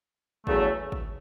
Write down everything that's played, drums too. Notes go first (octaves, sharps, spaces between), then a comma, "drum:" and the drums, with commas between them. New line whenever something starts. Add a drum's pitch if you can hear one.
E2 C#3 F#3 A3, drum: kick
drum: kick